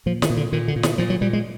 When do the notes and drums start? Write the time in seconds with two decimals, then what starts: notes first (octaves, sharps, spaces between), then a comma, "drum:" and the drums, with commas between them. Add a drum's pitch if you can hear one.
0.06 A#2 F3
0.22 D#3, drum: snare
0.30 A#2
0.37 D3
0.52 A#2 D#3
0.68 D3
0.76 A#2
0.83 D#3, drum: snare
0.98 A#2 F3
1.10 F#3
1.21 A#2 G3
1.33 G#3